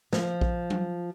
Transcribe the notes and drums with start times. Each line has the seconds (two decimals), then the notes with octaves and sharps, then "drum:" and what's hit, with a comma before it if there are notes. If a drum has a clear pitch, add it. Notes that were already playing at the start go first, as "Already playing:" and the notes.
0.13 F3, drum: snare
0.41 drum: kick A#1
0.70 drum: tom